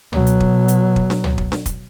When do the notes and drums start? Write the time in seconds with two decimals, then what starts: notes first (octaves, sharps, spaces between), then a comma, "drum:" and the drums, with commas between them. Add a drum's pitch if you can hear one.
0.13 B2 F#3, drum: tom C#2
0.26 drum: hi-hat
0.40 drum: kick
0.68 drum: hi-hat
0.96 drum: kick
1.10 drum: snare D4
1.24 drum: tom C#2
1.38 drum: kick
1.52 drum: snare D4
1.66 drum: kick, hi-hat